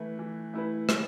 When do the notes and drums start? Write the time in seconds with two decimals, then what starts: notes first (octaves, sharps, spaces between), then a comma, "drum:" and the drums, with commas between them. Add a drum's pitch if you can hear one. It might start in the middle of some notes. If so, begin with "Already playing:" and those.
Already playing: E3 A3 E4 B4
0.19 E3
0.54 A3 E4 B4
0.89 E3, drum: rim click